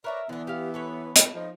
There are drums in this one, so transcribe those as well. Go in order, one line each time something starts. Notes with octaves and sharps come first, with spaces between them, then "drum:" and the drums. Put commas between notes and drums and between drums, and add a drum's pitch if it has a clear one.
A#4 B4 C#5 D5 E5 A#5
D3 E3 B3 D4
G4 F5
A4 B4 C#5
drum: hi-hat
F3 D#4